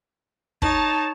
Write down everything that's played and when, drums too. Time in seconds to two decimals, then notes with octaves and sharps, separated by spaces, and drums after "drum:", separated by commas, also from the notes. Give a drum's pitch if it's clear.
0.62 D#4 C#5 A5, drum: kick